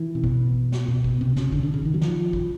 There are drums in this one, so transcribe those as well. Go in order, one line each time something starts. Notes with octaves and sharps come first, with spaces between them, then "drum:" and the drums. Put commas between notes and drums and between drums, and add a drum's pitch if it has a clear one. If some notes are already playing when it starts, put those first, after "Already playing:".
Already playing: E3
C3
B2, drum: kick
drum: snare
B2
drum: kick
C3
C#3, drum: snare
D3, drum: kick
D3
C#3
D#3
F#3
F3, drum: snare
drum: kick